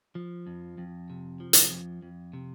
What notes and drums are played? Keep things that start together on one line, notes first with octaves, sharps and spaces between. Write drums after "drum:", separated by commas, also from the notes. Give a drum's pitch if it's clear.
F3
F2
F2
C3
F3
drum: hi-hat
F2
F2
C3